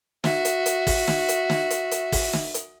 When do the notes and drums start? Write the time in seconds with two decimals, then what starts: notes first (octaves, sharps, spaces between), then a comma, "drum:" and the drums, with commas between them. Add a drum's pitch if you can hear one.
0.24 F#4 E5, drum: snare
0.45 drum: hi-hat
0.66 drum: hi-hat
0.87 drum: kick, open hi-hat
1.08 drum: snare
1.29 drum: hi-hat
1.50 drum: snare
1.70 drum: hi-hat
1.91 drum: hi-hat
2.12 drum: kick, open hi-hat
2.33 drum: snare
2.54 drum: hi-hat